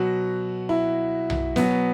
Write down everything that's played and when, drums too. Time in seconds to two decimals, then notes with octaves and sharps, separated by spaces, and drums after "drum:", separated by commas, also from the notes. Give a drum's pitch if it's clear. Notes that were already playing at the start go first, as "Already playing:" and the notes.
Already playing: B2 F#3 F#4
0.69 E4
1.30 drum: tom B1
1.56 B2 F#3 B3, drum: snare